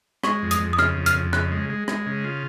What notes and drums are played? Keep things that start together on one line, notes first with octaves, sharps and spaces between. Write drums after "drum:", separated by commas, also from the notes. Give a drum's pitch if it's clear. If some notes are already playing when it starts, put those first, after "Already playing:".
G#3 C#6, drum: rim click
F2
D#6, drum: hi-hat
F2
D#6
C#3 F6, drum: rim click
F2
F6, drum: hi-hat
F2
C#3 F#6, drum: rim click
G#3
G#3
G#3, drum: rim click
C#3
F4